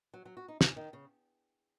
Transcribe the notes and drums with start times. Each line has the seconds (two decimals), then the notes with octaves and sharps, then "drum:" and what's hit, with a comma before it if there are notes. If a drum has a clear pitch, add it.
0.14 F#3
0.25 F#3
0.37 F#4
0.48 D#4
0.61 C#4, drum: snare
0.76 D#3
0.93 C#3